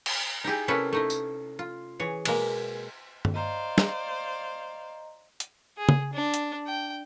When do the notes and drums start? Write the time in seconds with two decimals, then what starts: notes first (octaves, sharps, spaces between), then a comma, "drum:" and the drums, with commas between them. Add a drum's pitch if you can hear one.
0.06 drum: cymbal
0.44 D#4 E4 G4 G#4
0.68 C3 A#3 C#4 E4 A4 B4
0.93 A3 D#4 E4
1.10 drum: tambourine
1.59 F4
2.00 E3 G#4 C#5
2.25 B2 G#3 A#3, drum: cymbal
3.25 drum: tom G2
3.34 C5 D5 D#5 F5 A#5
3.78 drum: snare
5.40 drum: hi-hat
5.77 G#4
5.89 drum: tom
6.14 D4
6.34 drum: hi-hat
6.67 G5